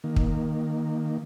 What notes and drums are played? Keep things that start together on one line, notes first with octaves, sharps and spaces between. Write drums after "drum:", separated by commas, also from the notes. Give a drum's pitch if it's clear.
D#3 A#3
drum: kick